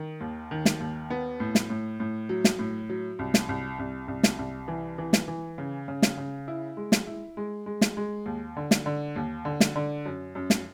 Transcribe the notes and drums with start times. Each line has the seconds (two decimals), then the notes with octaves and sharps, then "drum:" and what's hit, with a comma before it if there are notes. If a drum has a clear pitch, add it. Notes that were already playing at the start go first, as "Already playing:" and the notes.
Already playing: D#3
0.21 D#2
0.51 D#3
0.65 drum: snare
0.80 D#2
1.10 B3
1.40 A2
1.55 drum: snare
1.70 A2
2.00 A2
2.29 F#3
2.44 drum: snare
2.59 A2
2.90 F#3
3.19 C2
3.34 drum: snare
3.49 C2
3.79 C2
4.08 C2
4.23 drum: snare
4.39 C2
4.68 E3
4.98 E3
5.13 drum: snare
5.28 E3
5.58 C#3
5.88 C#3
6.02 drum: snare
6.17 C#3
6.48 E4
6.77 G#3
6.92 drum: snare
7.07 E4
7.37 G#3
7.66 G#3
7.81 drum: snare
7.97 G#3
8.26 D#2
8.56 D3
8.71 drum: snare
8.86 D3
9.16 D#2
9.45 D3
9.60 drum: snare
9.76 D3
10.06 F#2
10.35 F#2
10.50 drum: snare